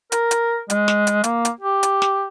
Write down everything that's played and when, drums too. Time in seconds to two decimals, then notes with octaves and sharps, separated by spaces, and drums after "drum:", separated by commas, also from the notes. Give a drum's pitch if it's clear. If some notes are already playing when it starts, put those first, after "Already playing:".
0.12 A#4, drum: hi-hat
0.31 drum: hi-hat
0.70 G#3, drum: hi-hat
0.88 drum: snare
1.07 drum: hi-hat
1.24 A#3, drum: hi-hat
1.45 drum: hi-hat
1.61 G4
1.83 drum: hi-hat
2.02 drum: snare